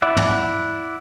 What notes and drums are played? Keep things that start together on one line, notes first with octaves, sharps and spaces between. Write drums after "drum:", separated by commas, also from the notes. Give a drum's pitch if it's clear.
E4 D5 E5 F#5
drum: tom